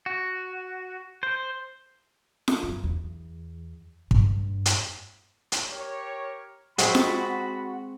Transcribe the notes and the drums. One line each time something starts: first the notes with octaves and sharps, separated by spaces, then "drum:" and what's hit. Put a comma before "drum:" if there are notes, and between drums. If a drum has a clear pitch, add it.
F#4
C5
drum: snare F4
F#2
E2
G2, drum: kick
drum: hi-hat
drum: hi-hat
G4 A#4 C#5
G#3 C4 F#4 G#4 F#5 A5 B5, drum: hi-hat
drum: snare F4